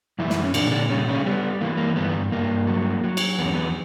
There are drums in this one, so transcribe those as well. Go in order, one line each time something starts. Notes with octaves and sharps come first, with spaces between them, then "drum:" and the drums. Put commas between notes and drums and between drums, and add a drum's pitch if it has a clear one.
F#2 E3 E4
drum: snare
C#4
A#2 D3 D4, drum: cymbal
D3 D4
C#3 G3 C#4
C#3 C#4
G3 B3
E3 A#3
A#3
G2 B3
G2 A#3
F#3
F#3
drum: cymbal
E2 B3
C#4
B3